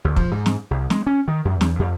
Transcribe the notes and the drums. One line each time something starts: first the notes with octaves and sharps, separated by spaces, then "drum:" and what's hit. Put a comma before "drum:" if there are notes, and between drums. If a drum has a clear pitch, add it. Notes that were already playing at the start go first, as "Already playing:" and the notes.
D2
F3, drum: kick
G#2
drum: snare
C2
G#3, drum: snare
C#4
D#3
F#2
E2, drum: snare
F2